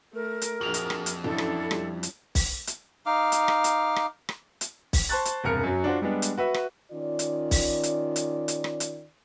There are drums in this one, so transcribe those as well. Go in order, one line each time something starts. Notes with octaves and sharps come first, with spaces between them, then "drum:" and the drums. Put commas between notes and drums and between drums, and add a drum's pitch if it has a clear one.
A3 A#4
drum: hi-hat
A#1 F2 F#4 G#4 F7 F#7
drum: hi-hat
drum: rim click
drum: hi-hat
A1 F#2 D4 E4 A4
drum: rim click
F3 G3 C#4, drum: rim click
drum: hi-hat
drum: kick B1, open hi-hat
drum: hi-hat
D#4 F5 D6
drum: hi-hat
drum: rim click
drum: hi-hat
drum: rim click
drum: rim click
drum: hi-hat
drum: kick B1, open hi-hat
C5 A5 C#6 F#6 A6
drum: hi-hat
E1 C2 G2 A#4 F6 C#7
F#2 F#3
D4 F4 F#4 C5
G3 G#3 B3 D4
drum: hi-hat
F#4 B4 E5
drum: rim click
D#3 C#4 F4 D5
drum: hi-hat
drum: kick B1, open hi-hat
drum: hi-hat
drum: hi-hat
drum: hi-hat
drum: rim click
drum: hi-hat